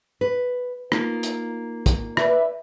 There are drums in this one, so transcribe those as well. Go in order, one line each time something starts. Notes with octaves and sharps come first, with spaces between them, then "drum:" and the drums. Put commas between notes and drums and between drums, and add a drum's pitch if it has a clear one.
B4
A#3 D#4 F4, drum: rim click
drum: hi-hat
drum: kick, hi-hat
B4 D5 E5, drum: rim click